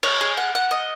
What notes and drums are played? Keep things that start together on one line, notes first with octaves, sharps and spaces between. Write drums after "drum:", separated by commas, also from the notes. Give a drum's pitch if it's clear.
C#5, drum: cymbal
G#4
F#5
F#5
D#5